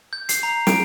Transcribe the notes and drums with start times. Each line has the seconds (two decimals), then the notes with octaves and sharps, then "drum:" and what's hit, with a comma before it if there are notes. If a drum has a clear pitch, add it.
0.13 G6
0.29 C7, drum: hi-hat
0.43 A#5
0.67 D7, drum: snare